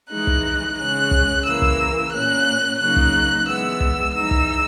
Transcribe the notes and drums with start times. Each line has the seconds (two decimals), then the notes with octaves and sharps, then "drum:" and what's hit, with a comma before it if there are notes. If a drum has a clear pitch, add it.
0.10 E3 G#3 D#4 F#6
0.27 drum: kick
0.77 C#3 G#3 C#4 F#6
1.11 drum: kick
1.45 C#3 E3 A#3 E6
1.62 drum: kick
2.12 A#2 A#3 C#4 F#6
2.79 C#3 F#3 A#3 D#4 F#6
2.96 drum: kick
3.46 E3 G#3 B3 E6
3.80 drum: kick
4.14 E3 G#3 D#4 E6
4.31 drum: kick